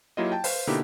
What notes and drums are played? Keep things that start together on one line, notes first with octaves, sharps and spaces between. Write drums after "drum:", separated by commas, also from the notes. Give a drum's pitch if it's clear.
F#3 A#3 E4 F4 G4 D#5
G5 A5
B4 C5 F5, drum: open hi-hat
B2 D3 A#3 D#4 E4 G4